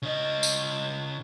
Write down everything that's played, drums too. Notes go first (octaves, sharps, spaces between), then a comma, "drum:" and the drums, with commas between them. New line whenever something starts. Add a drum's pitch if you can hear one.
C#3 D#5
drum: tambourine